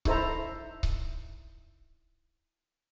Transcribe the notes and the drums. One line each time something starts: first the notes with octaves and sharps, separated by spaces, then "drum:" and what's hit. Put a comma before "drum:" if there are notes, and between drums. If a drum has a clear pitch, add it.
D#4 E4 A4 C5 A#5, drum: kick C#1
drum: kick C#1